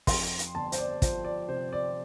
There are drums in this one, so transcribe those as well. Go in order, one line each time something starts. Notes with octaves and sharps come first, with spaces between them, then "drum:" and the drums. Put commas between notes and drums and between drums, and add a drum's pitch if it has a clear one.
F2 C6, drum: kick, open hi-hat
drum: hi-hat
G1 A5
C5, drum: hi-hat
D5
F3 C5, drum: kick, hi-hat
D5
C3 C5
D5